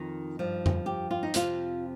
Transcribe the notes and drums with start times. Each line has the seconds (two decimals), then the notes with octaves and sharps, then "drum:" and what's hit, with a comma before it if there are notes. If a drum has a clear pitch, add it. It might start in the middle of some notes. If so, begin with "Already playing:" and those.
Already playing: F2 D#3 D#4
0.39 G2 F3
0.66 drum: tom F2
0.86 G4
1.11 F4
1.23 D#4
1.34 F2 C3 F3 F4, drum: hi-hat